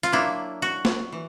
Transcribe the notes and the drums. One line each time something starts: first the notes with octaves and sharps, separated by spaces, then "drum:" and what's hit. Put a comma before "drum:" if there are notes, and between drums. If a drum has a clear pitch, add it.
F4, drum: hi-hat
F#3 A#3 D4 E4
F#4
drum: snare
E3